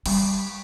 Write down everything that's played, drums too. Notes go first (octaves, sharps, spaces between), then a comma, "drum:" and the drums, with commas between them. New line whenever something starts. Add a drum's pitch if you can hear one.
G3, drum: cymbal